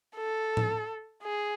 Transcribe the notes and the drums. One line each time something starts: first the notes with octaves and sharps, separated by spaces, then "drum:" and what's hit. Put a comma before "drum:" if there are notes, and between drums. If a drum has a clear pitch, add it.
A4
drum: tom A2
G#4